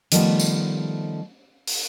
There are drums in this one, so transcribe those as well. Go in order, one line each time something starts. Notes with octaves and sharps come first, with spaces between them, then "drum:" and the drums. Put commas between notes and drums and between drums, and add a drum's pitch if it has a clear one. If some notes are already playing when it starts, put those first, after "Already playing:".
D#3 F3 G3 A3 B3, drum: hi-hat
drum: tambourine
drum: open hi-hat